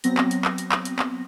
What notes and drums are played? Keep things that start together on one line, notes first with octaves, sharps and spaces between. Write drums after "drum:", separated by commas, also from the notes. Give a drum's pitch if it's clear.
F#3 B3 C4 A#6, drum: hi-hat
drum: clap
drum: hi-hat
drum: clap
drum: hi-hat
drum: clap
drum: hi-hat
drum: clap